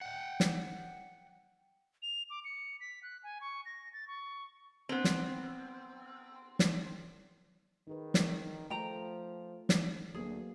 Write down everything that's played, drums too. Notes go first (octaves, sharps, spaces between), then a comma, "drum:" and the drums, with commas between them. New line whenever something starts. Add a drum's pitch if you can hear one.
F#5 G5
drum: snare
F7
D6
C#7
B6
F#6
G#5
C#6
A#6
A6
C#6
B3 C4
drum: snare
drum: snare
D#3 D#4 G#4 B4
drum: snare
F3 A3 G5 A#5
drum: snare
D2 F#3 A#3 B3 G#4